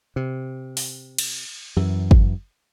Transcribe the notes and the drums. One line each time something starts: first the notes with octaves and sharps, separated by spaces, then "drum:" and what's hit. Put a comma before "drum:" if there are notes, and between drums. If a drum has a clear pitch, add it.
C3
drum: open hi-hat
drum: cymbal
F#2 E3
drum: kick